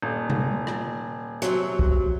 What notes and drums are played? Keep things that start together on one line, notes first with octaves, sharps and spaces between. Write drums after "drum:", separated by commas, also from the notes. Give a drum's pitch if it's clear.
D#1
drum: tom C3
drum: rim click
C3 F#3, drum: hi-hat
drum: kick